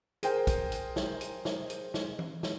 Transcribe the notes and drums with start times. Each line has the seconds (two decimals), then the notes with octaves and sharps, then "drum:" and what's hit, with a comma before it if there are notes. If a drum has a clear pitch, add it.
0.23 G#4 A#4 C5 G5, drum: hi-hat
0.47 drum: kick, hi-hat
0.72 drum: hi-hat
0.96 drum: snare
1.21 drum: hi-hat
1.45 drum: snare
1.70 drum: hi-hat
1.94 drum: snare
2.19 drum: tom E3
2.43 drum: snare